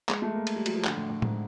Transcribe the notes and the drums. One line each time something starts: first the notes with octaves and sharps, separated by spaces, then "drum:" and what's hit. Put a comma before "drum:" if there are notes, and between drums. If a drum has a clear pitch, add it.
G#3, drum: clap
A3
A#3
drum: cymbal
G3
F#3, drum: cymbal
F3
D3, drum: clap
A2
A2
G#2, drum: tom A2